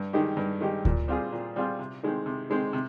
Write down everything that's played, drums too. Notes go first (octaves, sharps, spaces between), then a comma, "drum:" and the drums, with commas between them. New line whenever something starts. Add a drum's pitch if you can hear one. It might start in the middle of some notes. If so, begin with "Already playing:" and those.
Already playing: G2
D#3 G#3 D#4 G4
G2
D#3 G#3 D#4 G4
A#2, drum: kick D2
G3 C4 F4 G#4
A#2
G3 C4 F4 G#4
C3
D#3 G#3 C4
C3
D#3 G#3 C4
C3